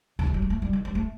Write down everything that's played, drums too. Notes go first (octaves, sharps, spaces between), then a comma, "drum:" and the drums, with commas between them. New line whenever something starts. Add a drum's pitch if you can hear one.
D3, drum: kick C2
D#3
F#3
G3
A3
G3
D#3
G3
A3